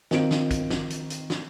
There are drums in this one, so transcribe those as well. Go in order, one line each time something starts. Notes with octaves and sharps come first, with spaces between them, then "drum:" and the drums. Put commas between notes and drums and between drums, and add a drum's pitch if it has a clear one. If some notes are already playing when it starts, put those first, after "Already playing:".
D#3 C4 F4 D7, drum: snare
drum: snare
drum: kick, hi-hat
drum: snare
drum: hi-hat
drum: hi-hat
drum: snare